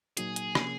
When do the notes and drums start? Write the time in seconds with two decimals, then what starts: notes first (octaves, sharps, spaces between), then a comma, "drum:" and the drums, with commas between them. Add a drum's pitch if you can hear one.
0.17 A#2 F#3 A#3 D#4 F#4 G#4, drum: hi-hat
0.36 drum: hi-hat
0.55 C3 F3 A#3 C#4, drum: rim click